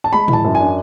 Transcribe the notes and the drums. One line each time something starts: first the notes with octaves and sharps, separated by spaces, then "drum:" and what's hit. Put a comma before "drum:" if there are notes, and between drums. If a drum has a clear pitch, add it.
A5
G#3 B5
E3, drum: tom
A5
F#2
D4 G#5